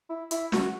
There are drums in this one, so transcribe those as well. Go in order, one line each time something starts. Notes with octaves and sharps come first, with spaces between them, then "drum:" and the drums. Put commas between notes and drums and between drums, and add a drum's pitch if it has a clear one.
E4
E4, drum: hi-hat
F#4, drum: snare